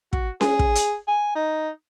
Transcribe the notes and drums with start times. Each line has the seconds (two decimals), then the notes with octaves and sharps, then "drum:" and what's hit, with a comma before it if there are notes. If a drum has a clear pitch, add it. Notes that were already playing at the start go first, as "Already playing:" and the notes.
0.13 F#4, drum: kick
0.41 G#4, drum: snare C#4
0.59 drum: kick
0.75 drum: hi-hat
1.08 G#5
1.35 D#4